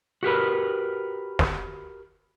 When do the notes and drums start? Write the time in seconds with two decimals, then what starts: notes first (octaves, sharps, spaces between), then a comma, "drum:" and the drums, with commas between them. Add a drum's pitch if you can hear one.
0.23 F#4 G4 A#4 B4
1.39 drum: snare